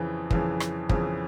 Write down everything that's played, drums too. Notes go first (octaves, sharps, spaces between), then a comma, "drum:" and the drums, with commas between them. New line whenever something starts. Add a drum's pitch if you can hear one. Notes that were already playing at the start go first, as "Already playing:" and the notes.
Already playing: F2 C#3 E3
F2 C#3 E3, drum: kick
drum: rim click
F2 C#3 E3, drum: kick